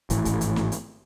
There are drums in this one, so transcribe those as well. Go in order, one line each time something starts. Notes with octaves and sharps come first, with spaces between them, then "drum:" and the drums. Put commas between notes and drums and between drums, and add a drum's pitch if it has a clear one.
G#1 A2 E3, drum: kick, hi-hat
drum: kick, hi-hat
drum: hi-hat
drum: snare
drum: hi-hat